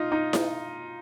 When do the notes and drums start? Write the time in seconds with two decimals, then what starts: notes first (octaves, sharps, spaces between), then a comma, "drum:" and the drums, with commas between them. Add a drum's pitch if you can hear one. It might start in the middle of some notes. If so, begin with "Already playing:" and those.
Already playing: D#4 F4
0.12 D#4
0.33 drum: snare E4